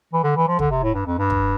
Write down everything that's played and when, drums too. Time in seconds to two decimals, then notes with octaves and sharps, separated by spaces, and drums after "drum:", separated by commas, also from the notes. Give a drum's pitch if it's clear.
0.13 E3
0.23 D3
0.36 E3
0.48 F3
0.59 D3, drum: kick
0.70 C3
0.83 A2
0.94 G2
1.06 F2
1.18 G2
1.30 drum: kick